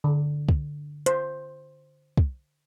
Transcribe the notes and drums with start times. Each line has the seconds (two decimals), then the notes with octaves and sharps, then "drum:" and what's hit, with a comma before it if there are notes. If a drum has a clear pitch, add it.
0.04 D3
0.49 drum: kick
1.06 C5, drum: hi-hat
2.17 drum: kick